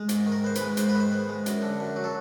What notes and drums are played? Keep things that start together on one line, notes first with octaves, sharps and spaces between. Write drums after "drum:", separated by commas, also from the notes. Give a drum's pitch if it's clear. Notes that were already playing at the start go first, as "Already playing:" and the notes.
Already playing: G#3
G#2, drum: hi-hat
D#3
A#4
B3 C5
B4, drum: hi-hat
G#3
G#2 C5, drum: hi-hat
B4
D#3 C5
B3
G#3
F#2, drum: hi-hat
D3
F#2
F#3
A4